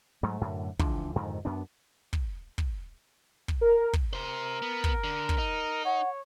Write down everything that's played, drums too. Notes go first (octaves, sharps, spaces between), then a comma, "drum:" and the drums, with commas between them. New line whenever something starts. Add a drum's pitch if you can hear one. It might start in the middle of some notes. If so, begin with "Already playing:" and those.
G#2 F#3 A3
F#2 A2 D3
C#2 E3 F3 D4, drum: kick
F2 G#2 D3 D#3
F#2 B3 D4
drum: kick
drum: kick
drum: kick
A#4
drum: kick
C3 A#4 C5
B3
drum: kick
D3
drum: kick
D#4
C#5 F#5